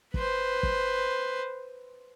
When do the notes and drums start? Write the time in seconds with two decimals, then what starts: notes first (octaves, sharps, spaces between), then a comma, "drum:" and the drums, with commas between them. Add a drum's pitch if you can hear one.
0.14 B4 C5, drum: kick
0.63 drum: kick